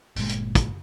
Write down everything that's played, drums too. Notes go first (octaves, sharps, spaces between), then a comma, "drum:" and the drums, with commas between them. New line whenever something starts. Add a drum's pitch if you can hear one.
G1 A#2 G#3, drum: open hi-hat
drum: hi-hat
drum: kick, hi-hat